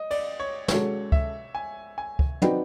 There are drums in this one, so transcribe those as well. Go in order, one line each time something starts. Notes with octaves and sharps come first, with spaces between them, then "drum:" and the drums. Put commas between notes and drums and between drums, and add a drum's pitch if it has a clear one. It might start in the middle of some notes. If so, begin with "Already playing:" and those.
Already playing: D#5
D5, drum: cymbal
C#5
G#3 C#4 F#4 A4 C#5, drum: snare
E5, drum: kick
G#5
G#5
drum: kick
C4 D#4 F#4 B4 D5 G5, drum: tom